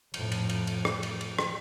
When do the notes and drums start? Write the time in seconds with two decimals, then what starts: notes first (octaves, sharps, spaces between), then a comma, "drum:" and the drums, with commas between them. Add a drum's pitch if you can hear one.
0.14 F2 A2, drum: cymbal
0.32 drum: cymbal
0.49 drum: cymbal
0.67 drum: cymbal
0.85 drum: rim click
1.03 drum: cymbal
1.21 drum: cymbal
1.39 drum: rim click